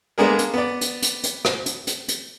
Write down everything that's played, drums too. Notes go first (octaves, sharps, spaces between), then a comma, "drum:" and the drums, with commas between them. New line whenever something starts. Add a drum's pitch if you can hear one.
G#3 A#3 B3 D4 G#4 A#4
drum: hi-hat
B3 D5
drum: hi-hat
drum: hi-hat
drum: hi-hat
drum: rim click
drum: hi-hat
drum: hi-hat
drum: hi-hat